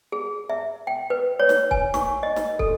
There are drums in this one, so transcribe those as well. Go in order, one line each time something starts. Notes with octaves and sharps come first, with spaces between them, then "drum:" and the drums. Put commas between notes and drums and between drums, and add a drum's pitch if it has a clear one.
G#4
E5
G5
B4
C#5
drum: snare
G#5, drum: kick
C#6, drum: snare
D#5
drum: snare
A4, drum: kick